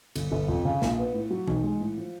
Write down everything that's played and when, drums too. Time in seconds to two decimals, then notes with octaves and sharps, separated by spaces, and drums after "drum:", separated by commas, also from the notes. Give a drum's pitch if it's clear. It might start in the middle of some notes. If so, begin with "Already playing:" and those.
0.16 G1, drum: cymbal
0.32 G1
0.48 F2
0.65 C#3
0.82 A#1, drum: snare
0.98 B3
1.14 A2
1.30 F#3
1.48 B1, drum: tom E3
1.63 G#3
1.81 A2
1.98 F3